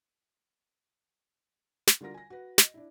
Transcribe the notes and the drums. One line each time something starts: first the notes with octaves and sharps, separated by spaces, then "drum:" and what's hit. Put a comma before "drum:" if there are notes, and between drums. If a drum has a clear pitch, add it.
drum: snare
D3 G3 F4 F#4 A#4 A#6
G#5 A#6
F#4 B4
D#5, drum: snare
D4 E4